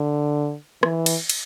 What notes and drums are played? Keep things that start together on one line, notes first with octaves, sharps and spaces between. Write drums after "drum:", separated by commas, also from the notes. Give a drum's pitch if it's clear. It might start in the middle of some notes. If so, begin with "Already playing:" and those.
Already playing: D3
E3, drum: rim click
drum: cymbal
drum: cymbal